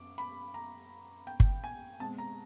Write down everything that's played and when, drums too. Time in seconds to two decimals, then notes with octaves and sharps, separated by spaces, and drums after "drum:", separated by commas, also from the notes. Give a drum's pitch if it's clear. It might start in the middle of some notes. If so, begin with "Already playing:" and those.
Already playing: F#2 B3 D6
0.18 B5
0.54 A#5
1.27 G5
1.40 drum: kick G1
1.64 G#5
2.00 B2 G#3 C4 A5
2.18 A#5